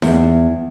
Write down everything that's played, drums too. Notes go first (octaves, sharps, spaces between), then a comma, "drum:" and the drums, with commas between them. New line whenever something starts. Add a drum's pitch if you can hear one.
E2, drum: snare D#4